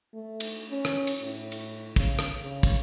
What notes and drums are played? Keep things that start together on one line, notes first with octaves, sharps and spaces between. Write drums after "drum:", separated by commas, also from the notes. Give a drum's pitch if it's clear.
A3
drum: cymbal
C#4
drum: rim click
drum: cymbal
A2
drum: cymbal
C#3, drum: kick, cymbal
drum: rim click
C#3
drum: kick, cymbal